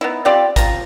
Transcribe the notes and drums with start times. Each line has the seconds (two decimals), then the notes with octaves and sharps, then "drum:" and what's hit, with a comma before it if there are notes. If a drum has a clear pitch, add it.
0.01 B3 D#4 E4
0.25 C4 F4 G4 D5
0.56 F3 A#5, drum: kick G#1, hi-hat